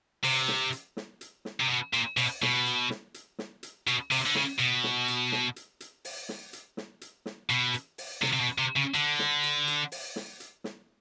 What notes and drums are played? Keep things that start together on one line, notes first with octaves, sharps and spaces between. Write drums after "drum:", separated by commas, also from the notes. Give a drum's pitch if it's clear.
C3, drum: open hi-hat
drum: snare
drum: hi-hat
drum: snare
drum: hi-hat
drum: snare
C3
B2
A#2, drum: hi-hat
B2, drum: open hi-hat
B2, drum: snare
drum: hi-hat
drum: snare
drum: hi-hat
drum: snare
drum: hi-hat
B2, drum: hi-hat
C3, drum: open hi-hat
D3
C#3, drum: snare
B2, drum: hi-hat
drum: snare
drum: hi-hat
drum: snare
drum: hi-hat
drum: hi-hat
drum: open hi-hat
drum: snare
drum: hi-hat
drum: snare
drum: hi-hat
drum: snare
B2, drum: hi-hat
drum: hi-hat
drum: open hi-hat
C3, drum: snare
C3
B2
C3
C#3
D3, drum: hi-hat
drum: snare
drum: hi-hat
drum: hi-hat
drum: open hi-hat
drum: snare
drum: hi-hat
drum: snare